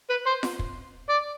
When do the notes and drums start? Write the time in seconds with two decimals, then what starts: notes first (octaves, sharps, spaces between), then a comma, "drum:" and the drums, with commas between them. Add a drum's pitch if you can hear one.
0.10 B4
0.26 C5
0.43 drum: snare F4
0.59 drum: kick
1.09 D5